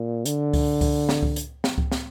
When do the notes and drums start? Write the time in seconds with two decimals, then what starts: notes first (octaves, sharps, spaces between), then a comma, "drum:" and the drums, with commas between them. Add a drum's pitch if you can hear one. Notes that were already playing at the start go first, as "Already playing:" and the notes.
Already playing: A#2
0.26 D3, drum: hi-hat
0.54 drum: kick C#2, open hi-hat
0.81 drum: kick C#2, open hi-hat
1.09 drum: snare
1.23 drum: kick C#2
1.36 drum: hi-hat
1.64 drum: snare
1.78 drum: kick C#2
1.92 drum: snare